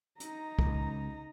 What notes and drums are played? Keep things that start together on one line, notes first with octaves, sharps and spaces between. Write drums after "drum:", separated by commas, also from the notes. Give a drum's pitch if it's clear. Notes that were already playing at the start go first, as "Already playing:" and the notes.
D#4 A#5, drum: hi-hat
C#2, drum: kick